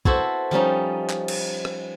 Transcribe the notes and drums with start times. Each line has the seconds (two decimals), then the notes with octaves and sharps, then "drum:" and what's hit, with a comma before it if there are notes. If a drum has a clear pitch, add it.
0.05 E4 F#4 A4 B4 C5, drum: kick
0.51 F3 G3 C#4 D#4
1.10 drum: clap
1.28 drum: cymbal
1.65 drum: rim click